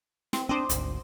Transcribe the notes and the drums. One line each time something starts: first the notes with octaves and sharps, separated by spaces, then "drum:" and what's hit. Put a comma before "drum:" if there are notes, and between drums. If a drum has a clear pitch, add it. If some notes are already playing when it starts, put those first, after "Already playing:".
C4, drum: snare
C4 D4 C5 D5 D#5
G#1 D2, drum: hi-hat